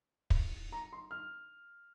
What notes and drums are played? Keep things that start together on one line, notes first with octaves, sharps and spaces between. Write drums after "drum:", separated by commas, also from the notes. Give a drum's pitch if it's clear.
drum: kick
A#5
C6
F6